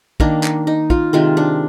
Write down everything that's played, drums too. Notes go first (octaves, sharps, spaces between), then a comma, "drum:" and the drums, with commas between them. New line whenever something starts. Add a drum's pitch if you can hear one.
D#3 A#3 D4, drum: kick
drum: clap
D#4
F4, drum: kick
C3 D#3 G#3 F4
D4